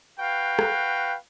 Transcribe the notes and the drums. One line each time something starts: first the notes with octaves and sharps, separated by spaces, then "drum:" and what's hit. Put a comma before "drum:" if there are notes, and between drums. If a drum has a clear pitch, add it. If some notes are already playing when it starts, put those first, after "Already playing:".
F#4 B4 F5 G5
drum: rim click